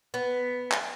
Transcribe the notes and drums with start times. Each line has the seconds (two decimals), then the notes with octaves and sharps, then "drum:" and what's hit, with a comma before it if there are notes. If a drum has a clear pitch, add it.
0.14 B3
0.72 drum: clap